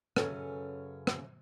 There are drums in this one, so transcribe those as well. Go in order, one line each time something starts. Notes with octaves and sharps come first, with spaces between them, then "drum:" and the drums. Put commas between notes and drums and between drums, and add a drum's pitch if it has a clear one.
F#2 C#3 C#4 A4 B4 C#5, drum: rim click
drum: rim click